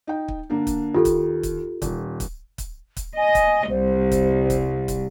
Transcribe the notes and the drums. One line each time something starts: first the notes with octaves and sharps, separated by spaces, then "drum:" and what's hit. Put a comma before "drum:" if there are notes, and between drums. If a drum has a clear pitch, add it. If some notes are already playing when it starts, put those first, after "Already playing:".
D#4 G5
drum: kick
D3 A#3 D4
drum: kick, hi-hat
D#2 F4 G4 A4
drum: kick, hi-hat
drum: kick, hi-hat
D#1, drum: kick, hi-hat
drum: kick, hi-hat
drum: kick, hi-hat
drum: kick, hi-hat
D#5 G#5
drum: kick, hi-hat
C2 C5
drum: kick, hi-hat
drum: kick, hi-hat
drum: kick, hi-hat